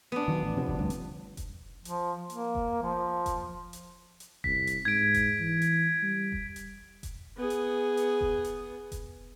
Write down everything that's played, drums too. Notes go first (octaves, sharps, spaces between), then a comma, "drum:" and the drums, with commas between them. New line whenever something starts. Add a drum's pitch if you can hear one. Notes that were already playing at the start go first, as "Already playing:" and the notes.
B3 D4
D#3 F#3
A1
C3 F3
drum: kick F1
G1 D2 G2
drum: hi-hat
drum: kick F1, hi-hat
F3, drum: hi-hat
A#3, drum: hi-hat
drum: kick F1
F3
drum: kick F1, hi-hat
drum: hi-hat
drum: hi-hat
C2 B6, drum: kick F1
drum: hi-hat
G#2 G#6 D7
drum: kick F1, hi-hat
E3
drum: hi-hat
G3
drum: kick F1
drum: hi-hat
drum: kick F1, hi-hat
B3 G#4
drum: hi-hat
drum: hi-hat
drum: kick F1
drum: hi-hat
drum: kick F1, hi-hat